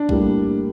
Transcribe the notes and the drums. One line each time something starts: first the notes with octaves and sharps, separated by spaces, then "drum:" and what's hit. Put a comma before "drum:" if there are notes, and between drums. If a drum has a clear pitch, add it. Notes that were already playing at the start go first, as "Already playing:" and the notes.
Already playing: D4
A2 G3 A#3, drum: kick A#1